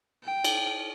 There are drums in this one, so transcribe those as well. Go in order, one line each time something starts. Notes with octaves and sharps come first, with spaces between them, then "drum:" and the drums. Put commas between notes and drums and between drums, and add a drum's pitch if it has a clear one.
G5
drum: cymbal